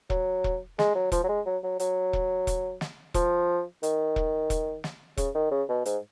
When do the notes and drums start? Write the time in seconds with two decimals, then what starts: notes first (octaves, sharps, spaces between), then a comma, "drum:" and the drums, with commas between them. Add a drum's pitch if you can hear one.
0.10 F#3, drum: kick E1
0.44 drum: kick E1
0.79 G#3, drum: snare
0.95 F#3
1.12 F3, drum: kick E1, hi-hat
1.24 F#3
1.29 G#3
1.46 F#3
1.63 F#3
1.80 F#3, drum: hi-hat
2.13 drum: kick E1
2.47 drum: kick E1, hi-hat
2.81 drum: snare
3.14 F3, drum: kick E1, hi-hat
3.83 D#3, drum: hi-hat
4.16 drum: kick E1
4.50 drum: kick E1, hi-hat
4.84 drum: snare
5.17 C#3, drum: kick E1, hi-hat
5.35 D#3
5.51 C#3
5.68 B2
5.86 G#2, drum: hi-hat